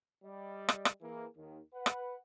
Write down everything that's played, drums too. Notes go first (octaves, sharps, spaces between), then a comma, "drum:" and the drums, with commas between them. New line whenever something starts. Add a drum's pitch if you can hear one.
G3 D5 D#5
drum: rim click
drum: rim click
E3 A#3 G#4
D#2 D#3
B4 F#5
drum: rim click